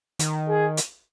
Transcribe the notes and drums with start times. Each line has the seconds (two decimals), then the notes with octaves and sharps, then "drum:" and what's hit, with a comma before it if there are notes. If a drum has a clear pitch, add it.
0.19 D#3, drum: hi-hat
0.49 G#4
0.77 drum: hi-hat